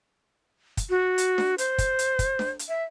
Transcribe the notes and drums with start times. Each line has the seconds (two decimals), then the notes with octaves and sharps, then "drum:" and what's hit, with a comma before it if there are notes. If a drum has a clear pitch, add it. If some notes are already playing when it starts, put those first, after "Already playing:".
0.77 drum: kick, hi-hat
0.90 F#4
1.18 drum: hi-hat
1.38 drum: snare D4
1.58 C5, drum: hi-hat
1.78 drum: kick, hi-hat
1.99 drum: hi-hat
2.19 drum: kick, hi-hat
2.39 drum: snare D4
2.59 drum: hi-hat
2.69 E5